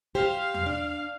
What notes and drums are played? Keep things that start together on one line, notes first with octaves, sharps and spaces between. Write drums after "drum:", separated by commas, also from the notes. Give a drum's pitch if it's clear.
G4 C5 F5
drum: tom E2
D4